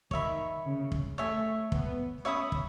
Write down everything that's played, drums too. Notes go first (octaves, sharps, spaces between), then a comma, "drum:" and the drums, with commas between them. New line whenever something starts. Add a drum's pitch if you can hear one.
D#3 C#5 E5 B5, drum: kick
C#3
drum: kick
A3 C#5 E5 G#5
B3, drum: kick
C#4 C#5 E5 B5 D#6
drum: kick